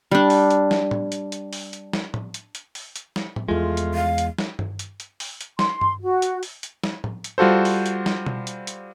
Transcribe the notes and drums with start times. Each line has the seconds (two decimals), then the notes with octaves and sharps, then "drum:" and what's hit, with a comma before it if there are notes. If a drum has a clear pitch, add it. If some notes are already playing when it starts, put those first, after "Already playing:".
0.11 G3 D4
0.30 drum: open hi-hat
0.50 drum: hi-hat
0.71 drum: snare
0.91 drum: tom A2
1.12 drum: hi-hat
1.32 drum: hi-hat
1.53 drum: open hi-hat
1.73 drum: hi-hat
1.93 drum: snare
2.14 drum: tom A2
2.34 drum: hi-hat
2.55 drum: hi-hat
2.75 drum: open hi-hat
2.96 drum: hi-hat
3.16 drum: snare
3.36 drum: tom A2
3.48 E2 F3 G#3 A3 F4
3.77 drum: hi-hat
3.94 F5
4.18 drum: hi-hat
4.38 drum: snare
4.59 drum: tom G2
4.79 drum: hi-hat
5.00 drum: hi-hat
5.20 drum: open hi-hat
5.41 drum: hi-hat
5.59 C6, drum: snare
5.81 drum: tom G2
6.02 F#4
6.22 drum: hi-hat
6.43 drum: open hi-hat
6.63 drum: hi-hat
6.84 drum: snare
7.04 drum: tom A2
7.24 drum: hi-hat
7.38 G3 F4 F#4 A4 C5
7.65 drum: open hi-hat
7.86 drum: hi-hat
8.06 drum: snare
8.26 drum: tom B2
8.47 drum: hi-hat
8.67 drum: hi-hat